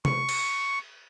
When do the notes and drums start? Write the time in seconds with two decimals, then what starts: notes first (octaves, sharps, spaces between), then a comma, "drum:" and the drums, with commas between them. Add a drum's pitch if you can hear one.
0.05 C#6, drum: tom C3
0.29 drum: cymbal